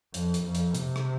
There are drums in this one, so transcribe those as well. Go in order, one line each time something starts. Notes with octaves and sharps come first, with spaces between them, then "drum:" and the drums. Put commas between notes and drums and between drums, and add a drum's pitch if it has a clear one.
F2, drum: hi-hat
drum: hi-hat
F2
drum: hi-hat
C3, drum: hi-hat
drum: rim click